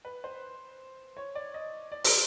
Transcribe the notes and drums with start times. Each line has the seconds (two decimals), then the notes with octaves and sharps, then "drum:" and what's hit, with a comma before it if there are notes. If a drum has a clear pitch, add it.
0.05 B4
0.24 C5
1.17 C#5
1.35 D5
1.54 D#5
1.92 D5
2.04 C5, drum: open hi-hat